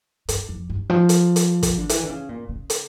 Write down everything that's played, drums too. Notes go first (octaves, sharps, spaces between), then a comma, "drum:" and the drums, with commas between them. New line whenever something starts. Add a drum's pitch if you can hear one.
G2, drum: hi-hat
F2
G2
F3
drum: hi-hat
drum: hi-hat
drum: kick, hi-hat
D3
E3, drum: hi-hat
D3
C#3
A#2
C#3
drum: hi-hat